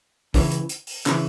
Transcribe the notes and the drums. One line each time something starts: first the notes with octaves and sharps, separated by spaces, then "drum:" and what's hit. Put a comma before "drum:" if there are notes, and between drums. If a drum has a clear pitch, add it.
C#2 C#3 E3, drum: kick, open hi-hat
drum: hi-hat
drum: hi-hat
drum: open hi-hat
C#3 E3, drum: clap